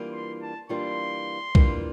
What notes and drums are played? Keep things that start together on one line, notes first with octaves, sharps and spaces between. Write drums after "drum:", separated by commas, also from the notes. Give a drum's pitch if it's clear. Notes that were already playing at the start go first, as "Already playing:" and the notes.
Already playing: E3 G3 A#3 D4 F4
C6
A5
E3 G3 A#3 D4 F4 C6
E3 G3 A#3 D4 F4, drum: kick